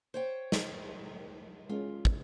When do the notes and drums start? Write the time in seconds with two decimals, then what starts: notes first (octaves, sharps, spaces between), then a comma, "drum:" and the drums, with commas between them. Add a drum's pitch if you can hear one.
0.14 C5 C#5 G5
0.52 drum: snare
1.69 G#3 C#4 F4
2.05 drum: kick